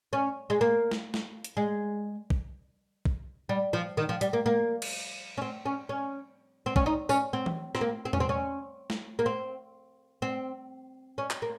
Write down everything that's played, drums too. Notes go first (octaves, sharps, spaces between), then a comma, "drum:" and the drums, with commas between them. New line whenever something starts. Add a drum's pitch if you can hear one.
C#4
G#3
A#3
drum: snare
drum: snare
drum: hi-hat
G#3
drum: kick
drum: kick
G3
F3
D#3
F3
G3, drum: hi-hat
A#3
A#3
drum: cymbal
C#4
C4
C#4
C#4
C4
C#4, drum: kick
D#4
C#4, drum: tambourine
C4
drum: tom E3
C4, drum: rim click
A#3
C4
C#4, drum: tom E2
C4
C#4
drum: snare
A#3
C4
C4
C#4
drum: clap
A#3